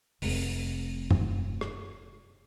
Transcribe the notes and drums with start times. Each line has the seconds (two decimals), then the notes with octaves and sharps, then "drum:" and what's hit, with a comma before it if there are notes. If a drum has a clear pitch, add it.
0.22 F1 C4, drum: open hi-hat
1.11 drum: tom F#2
1.61 drum: rim click